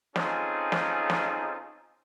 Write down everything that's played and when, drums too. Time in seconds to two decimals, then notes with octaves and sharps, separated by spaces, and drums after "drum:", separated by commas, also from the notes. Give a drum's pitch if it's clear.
0.16 C4 C#4 D#4 F4 G#4 A4, drum: snare
0.72 drum: snare
1.10 drum: snare